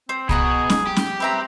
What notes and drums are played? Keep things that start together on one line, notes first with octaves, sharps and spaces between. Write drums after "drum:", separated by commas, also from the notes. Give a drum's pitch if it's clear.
C4 C5
B2 G#4 F#5 A#5 B5, drum: kick C2
drum: snare C#4
G4
drum: snare C#4
C4 B4 E5 A#5